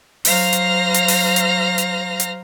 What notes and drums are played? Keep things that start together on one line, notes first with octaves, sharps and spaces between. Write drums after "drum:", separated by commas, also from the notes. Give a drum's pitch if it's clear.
F#3 C5 F5 A#5 F6 A#6, drum: open hi-hat
drum: hi-hat
drum: hi-hat
drum: open hi-hat
drum: hi-hat
drum: hi-hat
drum: hi-hat